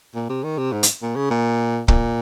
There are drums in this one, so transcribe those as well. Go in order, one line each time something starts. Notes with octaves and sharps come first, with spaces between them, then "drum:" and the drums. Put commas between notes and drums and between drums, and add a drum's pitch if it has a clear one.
A#2
C3
D#3
C3
G#2
drum: hi-hat
A#2
C#3
A#2
A#2, drum: kick